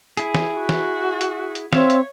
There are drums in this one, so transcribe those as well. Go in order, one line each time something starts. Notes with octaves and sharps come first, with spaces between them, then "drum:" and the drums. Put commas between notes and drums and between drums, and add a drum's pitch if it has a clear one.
E4 G#4, drum: hi-hat
drum: snare
F#4
drum: snare
drum: hi-hat
drum: hi-hat
C4 C#5 E5 F5, drum: snare
drum: hi-hat